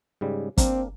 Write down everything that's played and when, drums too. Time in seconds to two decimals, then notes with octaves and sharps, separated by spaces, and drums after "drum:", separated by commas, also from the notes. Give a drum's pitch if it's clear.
0.21 G#2 C#3 G3
0.58 A#3 C4 D4 A#4, drum: kick, hi-hat